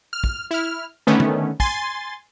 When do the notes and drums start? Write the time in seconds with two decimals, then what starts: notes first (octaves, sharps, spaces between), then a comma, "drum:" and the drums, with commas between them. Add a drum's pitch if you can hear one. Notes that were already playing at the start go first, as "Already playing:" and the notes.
0.13 F6
0.24 drum: kick
0.51 E4 F6
1.07 D3 D#3 A3 B3 C#4
1.20 drum: tom
1.60 G#5 C6 A6, drum: kick